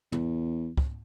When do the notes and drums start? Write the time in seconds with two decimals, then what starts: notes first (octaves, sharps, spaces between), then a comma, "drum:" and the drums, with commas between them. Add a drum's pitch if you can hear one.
0.12 E2, drum: tom
0.77 drum: kick